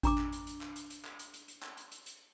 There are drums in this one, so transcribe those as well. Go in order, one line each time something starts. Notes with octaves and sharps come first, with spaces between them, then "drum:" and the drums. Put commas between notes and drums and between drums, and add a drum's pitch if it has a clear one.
D4 A#5 D6, drum: kick G#1, hi-hat
drum: clap
drum: hi-hat
drum: hi-hat
drum: clap
drum: hi-hat
drum: hi-hat
drum: clap
drum: hi-hat
drum: hi-hat
drum: hi-hat
drum: clap
drum: hi-hat
drum: hi-hat
drum: hi-hat